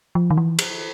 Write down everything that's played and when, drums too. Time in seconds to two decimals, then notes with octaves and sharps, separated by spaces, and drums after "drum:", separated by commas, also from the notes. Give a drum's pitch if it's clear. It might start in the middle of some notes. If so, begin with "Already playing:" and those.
0.15 F3
0.31 D#3
0.38 E3
0.59 drum: cymbal